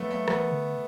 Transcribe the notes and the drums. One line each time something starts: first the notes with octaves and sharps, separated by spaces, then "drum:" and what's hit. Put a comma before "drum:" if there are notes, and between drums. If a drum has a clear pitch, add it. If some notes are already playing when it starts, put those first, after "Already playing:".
Already playing: F#3 A3 B3
A3
E3 B3, drum: rim click
D3